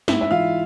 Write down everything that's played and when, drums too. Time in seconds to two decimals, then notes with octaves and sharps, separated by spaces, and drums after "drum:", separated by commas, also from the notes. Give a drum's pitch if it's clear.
0.08 G#2 E4 E5, drum: snare
0.21 E5
0.31 E3 F4 F5